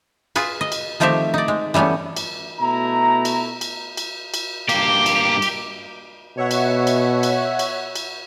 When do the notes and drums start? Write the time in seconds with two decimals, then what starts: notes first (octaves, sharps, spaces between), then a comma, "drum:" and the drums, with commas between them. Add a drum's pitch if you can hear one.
0.36 F4 G#4 B4, drum: cymbal
0.61 D#5
0.72 drum: cymbal
1.00 D#3 F3 A3 C4 G4 E5
1.34 D#4 D5
1.48 G#3
1.74 E3 G3 A3 B3 C#4
2.17 drum: cymbal
2.60 B2 A3 E4 A#5
3.25 drum: cymbal
3.61 drum: cymbal
3.97 drum: cymbal
4.34 drum: cymbal
4.69 G2 A#3 G4, drum: cymbal
5.06 drum: cymbal
5.42 drum: cymbal
6.37 B2 C#5 E5 F#5
6.51 drum: cymbal
6.87 drum: cymbal
7.23 drum: cymbal
7.59 drum: cymbal
7.95 drum: cymbal